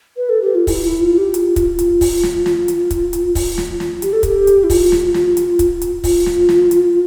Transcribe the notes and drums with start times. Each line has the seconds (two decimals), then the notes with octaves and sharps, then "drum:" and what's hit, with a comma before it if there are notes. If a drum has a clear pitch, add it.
0.17 B4
0.29 A4
0.41 G4
0.55 F4
0.67 E4, drum: kick, open hi-hat
0.83 E4
1.01 F4
1.18 G4
1.34 F4, drum: hi-hat
1.56 drum: kick, hi-hat
1.79 drum: hi-hat
2.01 drum: kick, open hi-hat
2.23 drum: snare
2.46 drum: snare
2.68 drum: hi-hat
2.91 drum: kick, hi-hat
3.13 drum: hi-hat
3.35 drum: kick, open hi-hat
3.58 drum: snare
3.80 drum: snare
4.02 G4, drum: hi-hat
4.13 A4
4.23 G4, drum: kick, hi-hat
4.47 drum: hi-hat
4.64 E4
4.70 F4, drum: kick, open hi-hat
4.92 drum: snare
5.14 drum: snare
5.37 drum: hi-hat
5.59 drum: kick, hi-hat
5.82 drum: hi-hat
6.04 F4, drum: kick, open hi-hat
6.26 drum: snare
6.49 drum: snare
6.71 drum: hi-hat